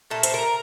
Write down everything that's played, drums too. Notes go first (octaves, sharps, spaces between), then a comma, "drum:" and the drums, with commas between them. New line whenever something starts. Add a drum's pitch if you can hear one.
A#2 A3 A4
C5, drum: hi-hat
A#4